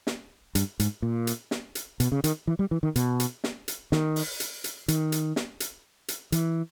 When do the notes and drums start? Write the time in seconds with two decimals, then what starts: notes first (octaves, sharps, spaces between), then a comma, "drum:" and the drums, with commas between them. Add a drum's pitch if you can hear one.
0.07 drum: snare
0.55 G2, drum: hi-hat
0.80 G#2, drum: hi-hat
1.02 A#2
1.27 drum: hi-hat
1.51 drum: snare
1.75 drum: hi-hat
2.00 B2, drum: hi-hat
2.12 C#3
2.24 D#3, drum: hi-hat
2.47 E3
2.59 G3
2.71 E3
2.83 D#3
2.96 B2, drum: hi-hat
3.20 drum: hi-hat
3.44 drum: snare
3.68 drum: hi-hat
3.92 D#3, drum: snare
4.16 drum: open hi-hat
4.40 drum: hi-hat
4.64 drum: hi-hat
4.88 D#3, drum: hi-hat
5.12 drum: hi-hat
5.36 drum: snare
5.60 drum: hi-hat
6.08 drum: hi-hat
6.32 E3, drum: hi-hat